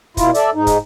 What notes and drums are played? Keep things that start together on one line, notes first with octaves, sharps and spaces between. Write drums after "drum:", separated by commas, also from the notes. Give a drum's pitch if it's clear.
B2 E4 F4, drum: kick, hi-hat
A4 D5 E5, drum: hi-hat
G#2 D#4
drum: kick, hi-hat